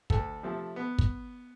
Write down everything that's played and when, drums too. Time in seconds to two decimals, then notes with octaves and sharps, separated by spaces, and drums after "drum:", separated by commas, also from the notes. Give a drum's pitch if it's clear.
0.10 D2 A4, drum: kick
0.43 C3 F3 A3
0.76 B3
0.99 drum: kick